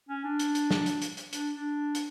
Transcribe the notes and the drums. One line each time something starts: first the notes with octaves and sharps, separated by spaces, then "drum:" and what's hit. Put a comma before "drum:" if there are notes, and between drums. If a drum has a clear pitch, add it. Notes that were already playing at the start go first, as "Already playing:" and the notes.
C#4
D4
drum: hi-hat
drum: hi-hat
drum: snare
drum: hi-hat
drum: hi-hat
drum: hi-hat
D4, drum: hi-hat
D4
drum: hi-hat